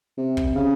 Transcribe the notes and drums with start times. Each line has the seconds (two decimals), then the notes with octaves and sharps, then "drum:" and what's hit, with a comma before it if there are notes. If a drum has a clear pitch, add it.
0.18 C3
0.37 drum: kick
0.55 C#3